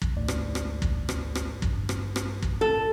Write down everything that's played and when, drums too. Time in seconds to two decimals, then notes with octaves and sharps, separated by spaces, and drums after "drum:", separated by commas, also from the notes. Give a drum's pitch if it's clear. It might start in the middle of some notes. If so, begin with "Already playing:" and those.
0.02 drum: kick
0.17 D2 G#2 D5
0.28 drum: rim click
0.55 drum: rim click
0.82 drum: kick
1.09 drum: rim click
1.35 drum: rim click
1.62 G2, drum: kick
1.89 drum: rim click
2.16 drum: rim click
2.42 drum: kick
2.61 A4